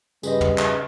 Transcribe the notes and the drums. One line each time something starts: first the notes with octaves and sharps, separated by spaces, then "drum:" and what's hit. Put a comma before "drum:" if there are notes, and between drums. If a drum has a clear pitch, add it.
G2 C#3 G3 G#4 B4 C5 D#5, drum: tambourine
drum: tom
drum: clap